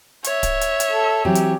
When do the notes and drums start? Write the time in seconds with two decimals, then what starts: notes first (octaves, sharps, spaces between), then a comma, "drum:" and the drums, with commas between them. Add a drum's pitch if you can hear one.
0.24 C#5 E5, drum: hi-hat
0.43 drum: kick D1, hi-hat
0.61 drum: hi-hat
0.80 drum: hi-hat
0.92 A4
1.25 E3 F#3 C4 G4
1.35 drum: hi-hat